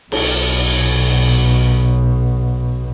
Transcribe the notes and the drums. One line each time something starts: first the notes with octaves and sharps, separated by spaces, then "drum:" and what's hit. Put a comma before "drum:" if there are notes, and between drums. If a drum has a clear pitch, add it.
B1 B2, drum: cymbal